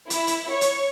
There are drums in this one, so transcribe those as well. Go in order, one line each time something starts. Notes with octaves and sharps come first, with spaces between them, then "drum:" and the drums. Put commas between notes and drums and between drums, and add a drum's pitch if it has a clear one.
E4, drum: hi-hat
drum: hi-hat
C#5
drum: hi-hat